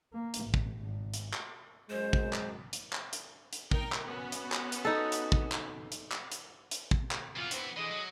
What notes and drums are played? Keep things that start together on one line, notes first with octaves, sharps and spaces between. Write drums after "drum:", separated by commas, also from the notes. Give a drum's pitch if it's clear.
A#3
drum: hi-hat
A1
drum: kick
G#1
drum: hi-hat
drum: clap
F#2 G#3 C5
drum: kick
drum: clap
drum: hi-hat
drum: clap
drum: hi-hat
drum: hi-hat
D#4 A#4 G5, drum: kick
drum: clap
B3 C#4 F#4
drum: hi-hat
drum: clap
drum: hi-hat
D#4 A4
drum: hi-hat
drum: kick
drum: clap
drum: hi-hat
drum: clap
drum: hi-hat
drum: hi-hat
drum: kick
drum: clap
E3 B3 F4
G2 C4, drum: hi-hat
D3 E3 G#3 D#5
F#3